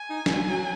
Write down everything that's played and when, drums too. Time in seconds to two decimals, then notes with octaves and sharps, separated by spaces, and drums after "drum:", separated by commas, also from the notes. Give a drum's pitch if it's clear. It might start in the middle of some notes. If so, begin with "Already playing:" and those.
Already playing: G#5
0.10 D#4
0.26 drum: snare
0.49 F#3